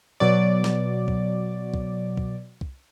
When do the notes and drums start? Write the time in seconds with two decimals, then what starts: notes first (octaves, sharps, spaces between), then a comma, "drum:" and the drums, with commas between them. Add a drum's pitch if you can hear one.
0.20 B2 F#3 D5
0.64 drum: snare
1.08 drum: kick
1.74 drum: kick
2.17 drum: kick
2.61 drum: kick